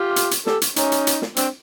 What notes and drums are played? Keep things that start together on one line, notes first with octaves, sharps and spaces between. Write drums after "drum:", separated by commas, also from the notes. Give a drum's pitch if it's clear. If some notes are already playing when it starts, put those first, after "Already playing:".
Already playing: F4 G4
drum: hi-hat
drum: hi-hat
G4 A4, drum: snare
drum: hi-hat
C#4 D#4, drum: hi-hat
drum: hi-hat
drum: hi-hat
drum: snare
C4 D4, drum: hi-hat